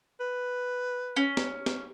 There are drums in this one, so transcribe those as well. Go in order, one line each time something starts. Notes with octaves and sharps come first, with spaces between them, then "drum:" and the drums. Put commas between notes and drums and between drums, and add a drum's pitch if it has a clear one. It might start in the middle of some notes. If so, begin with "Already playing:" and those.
B4
C#4
drum: snare
drum: snare